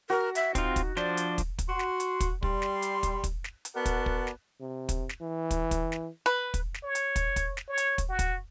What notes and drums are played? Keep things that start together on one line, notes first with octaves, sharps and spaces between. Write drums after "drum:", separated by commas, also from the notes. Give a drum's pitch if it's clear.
F#4 A#4
E5, drum: hi-hat
C4 D#4 F4, drum: kick, hi-hat
drum: kick, hi-hat
F3 D4 C5 D5, drum: snare
drum: hi-hat
drum: kick, hi-hat
drum: kick, hi-hat
F#4 C6
drum: snare
drum: hi-hat
drum: kick, hi-hat
G3 C6, drum: kick
drum: snare
drum: hi-hat
drum: kick, hi-hat
drum: kick, hi-hat
drum: snare
drum: hi-hat
B3 F#4 A#4 D5 F#5 A5
drum: kick, hi-hat
drum: kick
drum: snare
C3
drum: kick, hi-hat
drum: snare
E3
drum: kick, hi-hat
drum: kick, hi-hat
drum: snare
B4
drum: kick, hi-hat
drum: snare
C#5
drum: hi-hat
drum: kick, hi-hat
drum: kick, hi-hat
drum: snare
C#5
drum: hi-hat
drum: kick, hi-hat
F#4
drum: kick, hi-hat